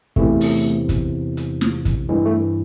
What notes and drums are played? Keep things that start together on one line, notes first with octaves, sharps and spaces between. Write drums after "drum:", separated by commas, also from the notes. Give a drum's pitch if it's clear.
E2 C3 E3 A3, drum: kick
drum: open hi-hat
drum: kick, hi-hat
drum: hi-hat
drum: snare
drum: kick, hi-hat
G2 E3 G#3
A3